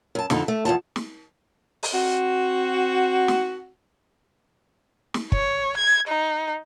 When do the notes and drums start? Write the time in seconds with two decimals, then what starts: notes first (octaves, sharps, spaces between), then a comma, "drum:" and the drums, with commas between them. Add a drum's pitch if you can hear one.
0.15 F#2 A5
0.30 F2 D3 D#4 A4, drum: snare
0.48 A3
0.65 E2 G#2 F3 A5
0.96 drum: snare
1.83 drum: open hi-hat
1.93 C4 F#4
3.28 drum: snare
5.14 drum: snare
5.32 C#5, drum: kick
5.77 G#6
6.08 D#4